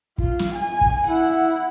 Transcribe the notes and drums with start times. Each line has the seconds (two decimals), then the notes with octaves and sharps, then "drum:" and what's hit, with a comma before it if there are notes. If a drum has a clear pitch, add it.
0.18 F4, drum: kick
0.39 drum: snare
0.55 G#5
0.81 drum: kick
1.07 E4 F#5